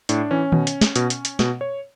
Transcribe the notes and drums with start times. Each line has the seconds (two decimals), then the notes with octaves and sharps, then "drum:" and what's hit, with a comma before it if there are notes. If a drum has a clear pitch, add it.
0.09 A2 D4, drum: hi-hat
0.31 E3 C#4
0.52 B2, drum: tom D#3
0.67 drum: hi-hat
0.81 drum: snare
0.96 B2, drum: hi-hat
1.10 drum: hi-hat
1.25 drum: hi-hat
1.39 B2, drum: snare
1.61 C#5